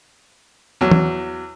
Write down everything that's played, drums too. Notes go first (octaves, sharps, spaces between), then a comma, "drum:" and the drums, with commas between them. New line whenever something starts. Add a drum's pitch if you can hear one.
E2 F#3
drum: tom E3